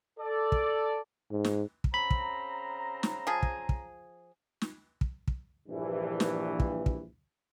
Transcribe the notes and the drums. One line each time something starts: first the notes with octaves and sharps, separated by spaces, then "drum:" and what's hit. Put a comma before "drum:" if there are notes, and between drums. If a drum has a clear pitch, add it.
A4 D5
drum: kick
G#2
drum: snare
drum: kick
C#3 C4 A#5 B5
drum: kick
drum: snare
F3 G#4
drum: kick
drum: kick
drum: snare
drum: kick
drum: kick
A#1 G2 E3
drum: snare
drum: kick
drum: kick